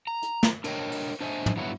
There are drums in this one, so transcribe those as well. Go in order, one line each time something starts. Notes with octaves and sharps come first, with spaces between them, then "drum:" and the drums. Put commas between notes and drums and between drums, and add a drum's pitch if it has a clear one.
A#5
drum: hi-hat
drum: snare
D4 A#4 C#5 D#5 G5, drum: cymbal
drum: open hi-hat
D4 C5 D#5 E5 G#5
drum: tom
G2 F#3 B3 E4 F#4 C#5